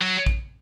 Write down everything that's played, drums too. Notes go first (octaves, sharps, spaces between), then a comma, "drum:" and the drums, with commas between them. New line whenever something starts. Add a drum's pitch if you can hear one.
F#3
drum: kick